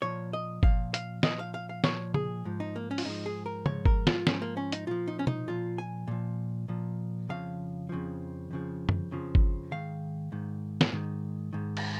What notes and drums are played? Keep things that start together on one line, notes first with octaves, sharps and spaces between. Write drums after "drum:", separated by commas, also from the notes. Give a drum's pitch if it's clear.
A#2 F3 C#5
D#5
A#2 F3 F5, drum: kick G1
F5, drum: hi-hat
A#2 F3 D#5, drum: snare
F5
F5
F5
A#2 F3 C#5, drum: snare
G#4, drum: tom
G#2 F3
D#4
A#3
C#4
F4, drum: open hi-hat
G#2 F3 D#4
G#4
A#4
G#2 F3 C#5, drum: tom
A#4, drum: kick G1
F4, drum: snare
G#2 F3 C#4, drum: snare
A#3
C#4
D#4, drum: hi-hat
A#2 F3 F4
D#4
C#4
D#4, drum: tom
A#2 F3 F4
G#5
A#2 F3
A#2 F3
F2 C#3 F3 F5
F2 C#3 F3
F2 C#3 F3
drum: tom F#2
F2 C#3 F3
drum: kick G1
G#2 D#3 F5
G#2 D#3
drum: snare
G#2 D#3
G#2 D#3
drum: cymbal